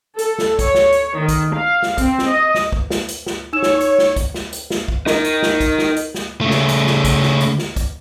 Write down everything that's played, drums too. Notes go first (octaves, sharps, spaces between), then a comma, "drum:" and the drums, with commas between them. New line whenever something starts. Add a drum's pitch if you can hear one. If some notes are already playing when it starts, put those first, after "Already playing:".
A4, drum: hi-hat
drum: snare
C#5, drum: kick, hi-hat
drum: snare
drum: hi-hat
D#3
drum: kick, hi-hat
F5
drum: snare
C4, drum: kick, hi-hat
drum: snare
D#5
drum: snare
drum: kick
drum: snare
drum: hi-hat
drum: snare
D#4 C#5 E6 E7
drum: snare
drum: hi-hat
drum: snare
drum: kick, hi-hat
drum: snare
drum: hi-hat
drum: snare
drum: kick
D#4 A#4, drum: snare
drum: hi-hat
drum: snare
drum: kick, hi-hat
drum: snare
drum: hi-hat
drum: snare
C#3 A3
drum: snare
drum: hi-hat
drum: snare
drum: kick, hi-hat
drum: snare
drum: hi-hat
drum: snare
drum: kick, hi-hat